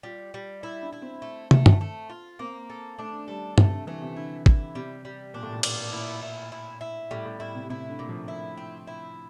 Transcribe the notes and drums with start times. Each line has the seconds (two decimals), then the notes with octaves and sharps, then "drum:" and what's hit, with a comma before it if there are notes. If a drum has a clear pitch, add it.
0.03 G3 F4
0.34 G3
0.63 E4
0.82 D4
0.93 E4
1.02 C4
1.22 A3
1.51 A3, drum: tom
1.66 drum: tom G2
1.81 A3
2.10 F4
2.39 A#3 C4
2.70 A4
2.99 A3 D4
3.28 G3 A4
3.58 C3 A3, drum: tom G2
3.72 D3
3.87 E3 A3
4.01 C3
4.16 D3 E4
4.46 E4, drum: kick
4.75 C3 G3
5.05 G3
5.34 A#2 D4
5.43 A2
5.52 A#2
5.63 D4, drum: cymbal
5.93 A#2 E4
6.23 E4
6.52 E4
6.81 E4
7.11 A2 G3
7.25 A2
7.40 A2 E4
7.55 C3
7.70 C3 E4
7.90 D3
7.99 A#2
8.09 F3
8.28 E4
8.57 C4
8.87 E4